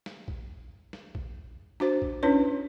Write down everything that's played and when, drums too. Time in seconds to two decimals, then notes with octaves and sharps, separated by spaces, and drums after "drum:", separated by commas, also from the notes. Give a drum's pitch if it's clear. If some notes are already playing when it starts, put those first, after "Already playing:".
0.06 drum: snare
0.28 drum: kick
0.93 drum: snare
1.15 drum: kick
1.80 D4 F#4 C5, drum: snare
2.02 drum: kick
2.23 C#4 D4 E4 B4 C#5